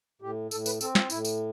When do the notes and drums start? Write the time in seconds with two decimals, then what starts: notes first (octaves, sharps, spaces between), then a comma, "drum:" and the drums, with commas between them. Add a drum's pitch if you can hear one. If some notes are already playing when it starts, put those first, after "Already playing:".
0.22 A2 G4
0.51 A2 A4, drum: tambourine
0.66 B4, drum: tambourine
0.81 C4 A4, drum: tambourine
0.95 F4, drum: snare
1.10 A2 E4, drum: tambourine
1.25 drum: tambourine